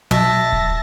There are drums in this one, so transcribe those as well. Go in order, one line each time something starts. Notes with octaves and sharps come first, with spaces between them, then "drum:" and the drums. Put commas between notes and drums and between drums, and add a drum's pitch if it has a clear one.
B1 E5 A5 A#6
drum: kick D1